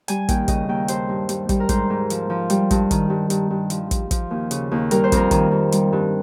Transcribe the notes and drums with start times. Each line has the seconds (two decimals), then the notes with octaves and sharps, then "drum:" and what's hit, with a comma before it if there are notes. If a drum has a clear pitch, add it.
0.08 G3 G#5, drum: hi-hat
0.29 D#2 G5, drum: kick, hi-hat
0.48 C#3 D#5, drum: kick, hi-hat
0.69 D#2 G5
0.88 G2 C5, drum: hi-hat
1.09 G2
1.29 G3, drum: hi-hat
1.49 G3, drum: kick, hi-hat
1.60 A#4
1.69 G#2 C5, drum: kick, hi-hat
1.90 G#2
2.10 F3, drum: hi-hat
2.30 F3
2.50 G3, drum: hi-hat
2.71 G2, drum: kick, hi-hat
2.91 D#3, drum: kick, hi-hat
3.10 G2
3.30 G2, drum: hi-hat
3.50 G2
3.70 F3, drum: hi-hat
3.91 F3, drum: kick, hi-hat
4.11 F3, drum: kick, hi-hat
4.31 D#2
4.51 C#3, drum: hi-hat
4.71 D#2
4.91 G3 A#4, drum: hi-hat
5.04 C5
5.12 F2 A#4, drum: kick, hi-hat
5.31 D#3, drum: kick, hi-hat
5.51 F2
5.72 G3, drum: hi-hat
5.92 G2